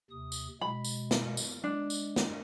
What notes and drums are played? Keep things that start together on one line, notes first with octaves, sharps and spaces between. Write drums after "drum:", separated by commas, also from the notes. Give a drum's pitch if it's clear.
D#2 C3 D#6
drum: tambourine
B2 G#3 B5
drum: tambourine
drum: snare
drum: tambourine
G#3 D4
drum: tambourine
drum: snare